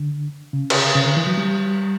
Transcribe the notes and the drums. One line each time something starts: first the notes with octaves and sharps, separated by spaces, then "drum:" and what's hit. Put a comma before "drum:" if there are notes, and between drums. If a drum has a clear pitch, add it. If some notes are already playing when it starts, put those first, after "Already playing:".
Already playing: D3
C#3
drum: cymbal
C#3
D3
E3
F#3
G3